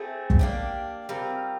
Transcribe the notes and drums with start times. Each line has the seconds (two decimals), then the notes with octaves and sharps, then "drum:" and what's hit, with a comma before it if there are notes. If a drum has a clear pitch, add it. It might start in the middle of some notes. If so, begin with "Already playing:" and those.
Already playing: A3 C4 E4 G#4
0.30 drum: kick
0.39 A#3 D4 G4
1.09 G3 C4 F4 A#4